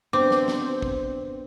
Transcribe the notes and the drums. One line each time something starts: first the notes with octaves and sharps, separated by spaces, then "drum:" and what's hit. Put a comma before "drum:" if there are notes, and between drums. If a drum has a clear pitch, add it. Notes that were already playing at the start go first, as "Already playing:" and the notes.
B3 C4 D4 D6
drum: snare
drum: snare
drum: kick